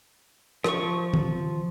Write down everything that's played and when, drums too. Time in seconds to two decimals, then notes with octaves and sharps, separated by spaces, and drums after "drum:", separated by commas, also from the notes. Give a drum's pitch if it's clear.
0.64 F3 C#6, drum: rim click
1.14 drum: tom D#3